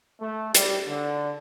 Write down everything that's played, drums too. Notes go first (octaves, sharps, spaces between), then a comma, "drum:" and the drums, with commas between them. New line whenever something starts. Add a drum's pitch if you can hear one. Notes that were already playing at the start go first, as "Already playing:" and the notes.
A3
G3, drum: hi-hat
D3